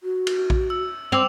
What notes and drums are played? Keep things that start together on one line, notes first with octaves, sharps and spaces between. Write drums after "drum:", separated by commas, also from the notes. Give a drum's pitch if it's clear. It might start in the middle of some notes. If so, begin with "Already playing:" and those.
F#4
drum: cymbal
drum: kick A#1
E6
C4 D6 E6 F7